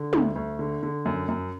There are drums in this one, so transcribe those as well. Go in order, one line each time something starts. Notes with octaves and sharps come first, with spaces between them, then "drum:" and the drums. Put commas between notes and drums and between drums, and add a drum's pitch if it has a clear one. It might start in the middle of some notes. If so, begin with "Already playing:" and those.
Already playing: D3
D2, drum: tom
D2
D3
D3
F#2
F#2